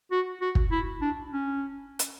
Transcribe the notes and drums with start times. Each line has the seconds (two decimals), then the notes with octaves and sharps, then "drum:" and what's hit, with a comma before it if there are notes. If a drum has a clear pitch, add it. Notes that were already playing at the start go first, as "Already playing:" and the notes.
0.11 F#4
0.41 F#4
0.55 drum: kick
0.71 E4
1.01 D4
1.31 C#4
1.99 drum: hi-hat